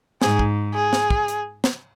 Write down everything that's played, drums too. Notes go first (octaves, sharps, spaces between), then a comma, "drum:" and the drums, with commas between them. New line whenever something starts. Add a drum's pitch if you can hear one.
G#2 G#4, drum: snare
drum: kick
G#4
drum: snare
drum: kick
drum: hi-hat
drum: snare